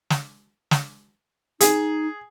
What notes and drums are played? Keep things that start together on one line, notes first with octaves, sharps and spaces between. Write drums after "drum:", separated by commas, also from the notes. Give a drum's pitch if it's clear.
drum: snare
drum: snare
D#4 G#4, drum: hi-hat